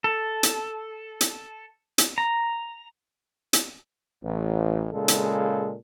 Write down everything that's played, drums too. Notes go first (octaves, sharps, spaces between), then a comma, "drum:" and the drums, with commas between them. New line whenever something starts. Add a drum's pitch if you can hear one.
A4
drum: hi-hat
drum: hi-hat
drum: hi-hat
A#5
drum: hi-hat
A1
A#2 C#3 G#3 A4
drum: hi-hat